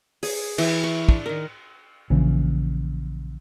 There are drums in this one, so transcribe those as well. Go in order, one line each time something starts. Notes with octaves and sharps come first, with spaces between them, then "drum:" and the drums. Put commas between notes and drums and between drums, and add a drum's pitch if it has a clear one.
G#4, drum: open hi-hat
E3, drum: cymbal
C#6
D4, drum: kick
D#3 A#4
A#1 C#3 E3